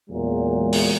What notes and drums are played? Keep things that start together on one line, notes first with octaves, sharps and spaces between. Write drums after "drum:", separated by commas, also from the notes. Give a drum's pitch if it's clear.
E2 A#2 F#3 G#3
drum: open hi-hat